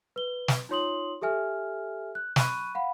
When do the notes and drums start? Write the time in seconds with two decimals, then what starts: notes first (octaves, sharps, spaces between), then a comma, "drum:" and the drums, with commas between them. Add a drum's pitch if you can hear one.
0.16 B4 G7
0.48 drum: snare
0.69 D#4 F4 C#5 C6 D#6 F#7
1.22 G4 A4 E5 G#5 F6
2.15 F#6
2.36 B5 C#6 F#6 D#7, drum: snare
2.75 F5 F#5 B5